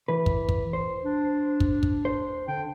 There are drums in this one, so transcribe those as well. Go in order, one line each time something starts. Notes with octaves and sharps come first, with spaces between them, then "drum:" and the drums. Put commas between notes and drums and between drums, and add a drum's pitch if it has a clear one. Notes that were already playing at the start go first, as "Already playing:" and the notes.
E3 B4
drum: kick
drum: kick
C5
D4
drum: kick
drum: kick
C5
D3 G5